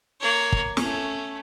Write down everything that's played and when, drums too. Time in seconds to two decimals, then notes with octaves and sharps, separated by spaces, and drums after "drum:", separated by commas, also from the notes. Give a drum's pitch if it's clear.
0.20 A#3 C#5
0.52 drum: kick
0.77 A3 C#4, drum: snare